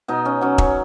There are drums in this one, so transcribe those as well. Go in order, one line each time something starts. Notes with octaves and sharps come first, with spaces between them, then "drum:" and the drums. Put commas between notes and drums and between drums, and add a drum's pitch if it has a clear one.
B2 D#4
C#4
F#3 C#4
C#4, drum: kick E1